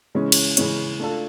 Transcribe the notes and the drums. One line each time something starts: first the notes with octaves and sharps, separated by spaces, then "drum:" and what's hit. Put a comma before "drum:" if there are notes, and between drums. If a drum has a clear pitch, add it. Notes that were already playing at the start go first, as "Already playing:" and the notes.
C#3 E3 G#3 C#4
drum: cymbal
C#3 E3 G#3 C#4, drum: hi-hat
A3 D4 F4 A4